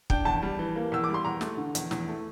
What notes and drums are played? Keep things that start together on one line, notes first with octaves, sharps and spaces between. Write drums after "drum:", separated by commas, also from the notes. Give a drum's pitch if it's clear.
D4 G5, drum: kick
E2 A5
G3
E3
A#3
E2 E6
D6
G3
C6
E2 A#5
A3, drum: snare
D3
E2, drum: hi-hat
E2, drum: snare
A3